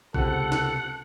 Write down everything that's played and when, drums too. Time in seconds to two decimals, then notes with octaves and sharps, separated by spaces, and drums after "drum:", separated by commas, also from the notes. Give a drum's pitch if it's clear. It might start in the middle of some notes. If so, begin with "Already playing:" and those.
0.14 C#2 C3 A4 F#5, drum: kick A1
0.52 drum: snare